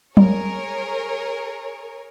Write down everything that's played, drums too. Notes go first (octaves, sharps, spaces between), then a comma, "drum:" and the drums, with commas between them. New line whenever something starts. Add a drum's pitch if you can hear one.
G#4 A#4 C#5, drum: tom F#3